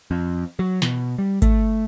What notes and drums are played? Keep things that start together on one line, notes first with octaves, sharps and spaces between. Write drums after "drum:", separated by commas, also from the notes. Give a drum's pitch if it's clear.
F2
F#3
B2, drum: snare
G3
A3, drum: kick G#1, hi-hat